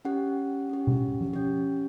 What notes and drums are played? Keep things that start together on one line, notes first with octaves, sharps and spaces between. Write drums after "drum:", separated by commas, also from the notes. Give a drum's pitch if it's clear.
C#4 G4 F#5
C#4 G4
drum: tom B2
drum: tom F3
C#4 G4